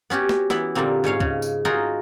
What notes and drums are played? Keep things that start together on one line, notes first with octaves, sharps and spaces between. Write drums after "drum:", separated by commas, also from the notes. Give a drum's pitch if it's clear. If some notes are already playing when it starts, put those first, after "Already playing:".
B3 C#4 F#4 G4
drum: snare
E3 B3 E4, drum: snare
A#2 D3 G3 A#3 C4
G#2 C#4 C#5 F5
C#3, drum: kick
drum: tambourine
D#4 F4 F#4 G#4 A#4 D#5